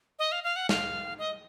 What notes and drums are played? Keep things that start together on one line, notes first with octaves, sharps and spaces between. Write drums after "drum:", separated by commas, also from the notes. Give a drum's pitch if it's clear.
D#5
F5
F5
F#5
F5, drum: snare
D#5